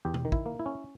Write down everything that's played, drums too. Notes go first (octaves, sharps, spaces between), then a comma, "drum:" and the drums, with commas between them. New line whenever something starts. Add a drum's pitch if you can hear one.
E2 G4
drum: tom B2
D#3
E4, drum: kick
A#3
E4
C#4